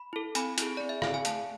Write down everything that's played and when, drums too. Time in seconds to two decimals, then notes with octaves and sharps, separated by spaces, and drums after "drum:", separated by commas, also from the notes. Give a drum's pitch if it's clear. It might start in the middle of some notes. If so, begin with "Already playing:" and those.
Already playing: B5
0.13 E4 A4
0.35 C4 G#5 B5, drum: hi-hat
0.58 E4 G#4, drum: hi-hat
0.77 C4 D5
0.89 E5
1.02 E4 G#4 F5, drum: rim click
1.14 G#5
1.25 A3 F5 A5, drum: hi-hat